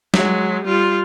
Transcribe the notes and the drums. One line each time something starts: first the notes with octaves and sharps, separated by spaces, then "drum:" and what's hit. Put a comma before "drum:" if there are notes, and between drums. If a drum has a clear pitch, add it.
F#3 G#3, drum: snare
G3 F4